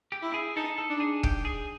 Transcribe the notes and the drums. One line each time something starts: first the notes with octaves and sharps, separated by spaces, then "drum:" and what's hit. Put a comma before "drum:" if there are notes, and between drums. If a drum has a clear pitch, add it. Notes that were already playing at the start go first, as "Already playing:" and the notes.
G4
E4
G#4
D#4 A4
A4
D4
G#4
G4, drum: kick
G#4